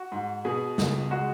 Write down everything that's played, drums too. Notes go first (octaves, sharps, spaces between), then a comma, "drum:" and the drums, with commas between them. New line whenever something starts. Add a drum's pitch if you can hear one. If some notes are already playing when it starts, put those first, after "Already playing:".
Already playing: F#4
G#2
B2 G#4
C#2, drum: snare
G#3 F#4